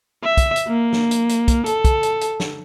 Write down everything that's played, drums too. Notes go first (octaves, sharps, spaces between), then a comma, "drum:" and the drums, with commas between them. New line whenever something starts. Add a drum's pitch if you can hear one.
E5
drum: kick, hi-hat
drum: hi-hat
A#3
drum: snare
drum: hi-hat
drum: hi-hat
drum: kick, hi-hat
A4, drum: hi-hat
drum: kick, hi-hat
drum: hi-hat
drum: hi-hat
drum: snare